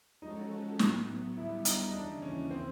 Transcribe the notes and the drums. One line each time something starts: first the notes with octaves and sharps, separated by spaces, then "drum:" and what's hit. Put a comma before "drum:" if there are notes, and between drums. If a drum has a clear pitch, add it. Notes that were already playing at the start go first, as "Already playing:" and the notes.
F3 G#3 C#4 D#4 F#4 A4
A2 F#3 B3, drum: snare
D3 G3 B3 E4
D#4, drum: hi-hat
D#4
D#2 C#3 E3 D4
C#4
C4